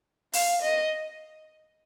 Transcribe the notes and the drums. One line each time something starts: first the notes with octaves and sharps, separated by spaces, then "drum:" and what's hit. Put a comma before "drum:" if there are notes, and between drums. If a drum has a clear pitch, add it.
F5, drum: open hi-hat
D#5